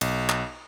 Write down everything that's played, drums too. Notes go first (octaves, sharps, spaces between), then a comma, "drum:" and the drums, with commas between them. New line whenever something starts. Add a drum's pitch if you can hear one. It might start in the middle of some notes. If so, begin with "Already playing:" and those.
B1, drum: cymbal
drum: clap